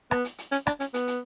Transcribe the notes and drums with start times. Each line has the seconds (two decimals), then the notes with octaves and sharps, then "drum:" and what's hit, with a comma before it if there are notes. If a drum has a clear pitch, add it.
0.11 B3, drum: rim click
0.25 drum: hi-hat
0.38 drum: hi-hat
0.52 C#4, drum: hi-hat
0.67 D4, drum: rim click
0.80 C#4, drum: hi-hat
0.94 B3, drum: hi-hat
1.07 drum: hi-hat